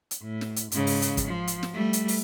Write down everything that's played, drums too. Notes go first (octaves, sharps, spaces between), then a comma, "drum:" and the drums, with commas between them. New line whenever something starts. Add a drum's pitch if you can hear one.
drum: hi-hat
A2
drum: snare
drum: hi-hat
G#2 C#3, drum: hi-hat
drum: open hi-hat
drum: hi-hat
drum: kick, hi-hat
F3
drum: hi-hat
drum: snare
G3 A3
drum: hi-hat
drum: open hi-hat